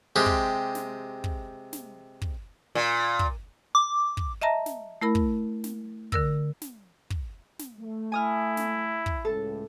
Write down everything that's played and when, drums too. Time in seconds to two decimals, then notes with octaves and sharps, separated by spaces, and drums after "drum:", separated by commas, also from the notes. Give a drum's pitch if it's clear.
0.16 C3 G#3 G4
0.26 drum: kick
0.75 drum: snare
1.24 drum: kick
1.73 drum: snare
2.22 drum: kick
2.75 A#2
3.19 drum: kick
3.75 D6
4.17 drum: kick
4.42 D#5 E5 A5 A#5 A#6
4.66 drum: snare
5.01 A3 E4 A#4 B5
5.15 drum: kick
5.64 drum: snare
6.12 D3 A#4 E6, drum: kick
6.62 drum: snare
7.10 drum: kick
7.59 drum: snare
7.80 A3
8.12 E4 G#5 D#6 F6
8.57 drum: snare
9.06 drum: kick
9.25 C#2 A2 A4